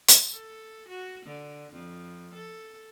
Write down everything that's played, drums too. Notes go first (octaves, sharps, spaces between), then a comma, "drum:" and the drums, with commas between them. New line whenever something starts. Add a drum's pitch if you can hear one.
drum: hi-hat
A4
F#4
D3
F2
A4